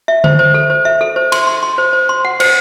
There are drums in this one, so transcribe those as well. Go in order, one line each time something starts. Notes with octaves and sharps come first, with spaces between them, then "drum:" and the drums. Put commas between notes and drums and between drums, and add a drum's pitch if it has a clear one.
E5
C5, drum: tom D3
C5
A4
C5
E5
A4
C5
C6, drum: cymbal
C6
C6
C5
C5
C6
F#5
C5, drum: cymbal